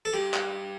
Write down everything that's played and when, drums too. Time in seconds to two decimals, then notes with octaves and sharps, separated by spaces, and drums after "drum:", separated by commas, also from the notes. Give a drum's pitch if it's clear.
0.05 A4
0.13 G2 G4
0.34 drum: clap